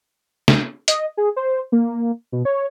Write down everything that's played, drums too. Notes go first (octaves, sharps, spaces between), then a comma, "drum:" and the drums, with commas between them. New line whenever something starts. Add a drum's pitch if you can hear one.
drum: snare
D#5, drum: hi-hat
G#4
C5
A#3
B2
C#5